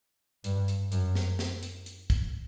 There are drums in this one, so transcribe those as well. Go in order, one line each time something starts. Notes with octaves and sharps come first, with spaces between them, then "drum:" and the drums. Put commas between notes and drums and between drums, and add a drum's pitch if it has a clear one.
G2, drum: hi-hat
drum: hi-hat
F#2, drum: hi-hat
drum: snare
drum: snare
drum: hi-hat
drum: hi-hat
drum: kick, hi-hat